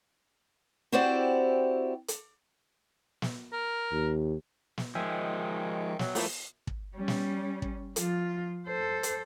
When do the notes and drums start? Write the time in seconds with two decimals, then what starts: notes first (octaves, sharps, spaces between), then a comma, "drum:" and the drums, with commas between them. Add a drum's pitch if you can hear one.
0.92 C4 E4 F#4 G4 C5 D5
2.08 drum: hi-hat
3.22 drum: snare
3.53 A#4
3.92 D#2
4.78 drum: snare
4.95 D#3 F3 G#3 E5 G5 G#5
5.99 F#3, drum: snare
6.15 F3 A3 A#3 E4, drum: open hi-hat
6.67 drum: kick
6.96 G3 C#4
7.08 drum: snare
7.62 drum: kick
7.96 F3 F4, drum: hi-hat
8.67 A4 C5
9.03 drum: hi-hat